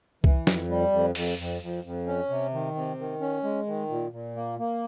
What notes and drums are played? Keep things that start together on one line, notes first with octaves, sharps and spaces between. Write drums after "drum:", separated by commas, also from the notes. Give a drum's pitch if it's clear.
E3, drum: kick C2
F2, drum: snare
G3
F2
F2, drum: open hi-hat
F2
F2
F2
C#4
C3
D#3
C3
D#3
C#4
G#3
D#3
A#2
A#2
A#3
A#3